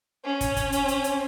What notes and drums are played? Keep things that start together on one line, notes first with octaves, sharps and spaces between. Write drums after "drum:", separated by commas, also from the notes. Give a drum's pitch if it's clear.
C#4
drum: kick, hi-hat
drum: kick, hi-hat
drum: hi-hat
drum: hi-hat
drum: hi-hat